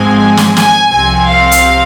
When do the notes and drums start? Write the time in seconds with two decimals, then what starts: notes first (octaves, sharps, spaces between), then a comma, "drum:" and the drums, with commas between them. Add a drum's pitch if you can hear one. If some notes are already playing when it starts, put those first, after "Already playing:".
Already playing: G#2 F3 G#3 C4 G#5
0.37 drum: snare
0.57 G#5, drum: snare
0.92 C2 C3 F3 C4 G#5
1.29 F5
1.52 drum: hi-hat